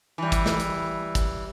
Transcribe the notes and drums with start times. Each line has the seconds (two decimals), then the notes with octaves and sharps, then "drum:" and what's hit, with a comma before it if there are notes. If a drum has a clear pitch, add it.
0.18 E3 G3
0.32 drum: kick, hi-hat
0.46 drum: snare
0.60 drum: hi-hat
1.15 drum: kick, hi-hat